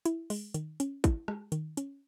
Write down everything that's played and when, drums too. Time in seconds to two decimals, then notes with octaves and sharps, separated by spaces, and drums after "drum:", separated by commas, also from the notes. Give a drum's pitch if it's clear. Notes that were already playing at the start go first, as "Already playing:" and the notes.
0.05 E4, drum: hi-hat
0.30 G#3, drum: open hi-hat
0.54 D#3, drum: hi-hat
0.80 C#4, drum: hi-hat
1.04 E4, drum: kick, hi-hat
1.28 G#3, drum: rim click
1.52 D#3, drum: hi-hat
1.77 C#4, drum: hi-hat